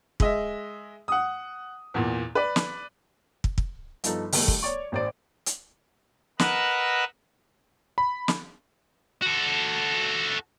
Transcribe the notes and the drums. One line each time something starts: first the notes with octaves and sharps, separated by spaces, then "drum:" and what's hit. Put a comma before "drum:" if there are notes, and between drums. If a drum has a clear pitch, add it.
G#3 D#5 E5, drum: kick
F#5 D#6
E2 A#2
B4 D5
drum: snare
drum: kick
drum: kick
G1 F3 D#4 A4, drum: hi-hat
D#3 G3 A3, drum: open hi-hat
drum: kick
C#5 D5 C#6
A1 C5 D5
drum: hi-hat
A#4 B4 D#5 F#5 E6 F#6, drum: snare
B5
drum: snare
F#4 A4